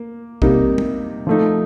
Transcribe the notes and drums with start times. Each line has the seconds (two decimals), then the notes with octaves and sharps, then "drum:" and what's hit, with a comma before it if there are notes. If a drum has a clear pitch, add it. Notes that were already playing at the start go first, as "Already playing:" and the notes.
Already playing: A#3
0.42 C3 G3 A#3 D#4, drum: kick
0.78 drum: tom
1.27 F3 A3 D#4